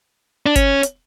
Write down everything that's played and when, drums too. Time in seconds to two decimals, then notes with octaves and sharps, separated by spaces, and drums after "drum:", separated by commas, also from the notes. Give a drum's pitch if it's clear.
0.46 D4
0.56 C#4, drum: kick G1, hi-hat
0.83 drum: hi-hat